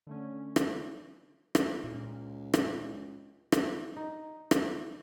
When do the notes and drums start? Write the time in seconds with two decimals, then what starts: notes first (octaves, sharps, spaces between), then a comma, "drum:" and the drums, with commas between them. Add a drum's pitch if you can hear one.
0.07 D3 A3 C#4
0.56 drum: rim click
1.55 drum: rim click
1.84 C#2 A#2
2.54 drum: rim click
3.52 drum: rim click
3.97 D#4
4.51 drum: rim click